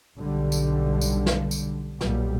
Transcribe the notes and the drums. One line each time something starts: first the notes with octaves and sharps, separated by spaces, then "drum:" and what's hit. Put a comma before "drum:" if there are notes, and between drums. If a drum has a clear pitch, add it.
B1 D3 G3
drum: tambourine
drum: tambourine
drum: snare
drum: tambourine
B1 A#2 G3, drum: snare